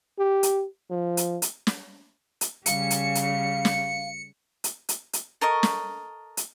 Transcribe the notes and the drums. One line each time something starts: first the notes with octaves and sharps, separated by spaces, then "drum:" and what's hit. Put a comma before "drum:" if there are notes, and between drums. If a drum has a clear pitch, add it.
G4
drum: hi-hat
F3
drum: hi-hat
drum: hi-hat
drum: snare
drum: hi-hat
C#3 G3 F5 C#7, drum: hi-hat
drum: hi-hat
drum: hi-hat
drum: snare
drum: hi-hat
drum: hi-hat
drum: hi-hat
A4 A#4 D#5 C#6
drum: snare
drum: hi-hat